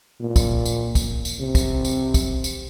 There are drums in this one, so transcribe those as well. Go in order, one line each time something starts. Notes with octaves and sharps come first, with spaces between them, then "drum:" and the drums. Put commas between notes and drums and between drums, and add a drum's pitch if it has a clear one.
A#2
drum: kick, tambourine
drum: tambourine
drum: kick, tambourine
drum: tambourine
C3
drum: kick, tambourine
drum: tambourine
drum: kick, tambourine
drum: tambourine